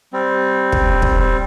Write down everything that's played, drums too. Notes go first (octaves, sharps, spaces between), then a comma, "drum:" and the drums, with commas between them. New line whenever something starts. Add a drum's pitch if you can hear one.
G3 C4
drum: kick
drum: kick